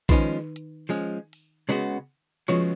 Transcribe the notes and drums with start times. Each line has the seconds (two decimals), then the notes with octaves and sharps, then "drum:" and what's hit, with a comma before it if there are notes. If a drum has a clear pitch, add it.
0.09 D#3 F3 G#3 C#4 D#4, drum: kick A#1
0.56 drum: hi-hat
0.89 F3 G#3 C#4
1.33 drum: open hi-hat
1.69 C#3 G#3 B3 F#4
2.48 C#3 F3 G#3 B3 F4 F#4, drum: hi-hat